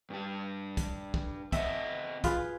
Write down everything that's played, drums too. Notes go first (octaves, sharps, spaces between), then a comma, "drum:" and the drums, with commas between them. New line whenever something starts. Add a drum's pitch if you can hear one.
G2 G4
drum: kick, hi-hat
drum: kick
C4 D#5 E5 F#5, drum: kick, hi-hat
F4 G#4 B4, drum: kick, hi-hat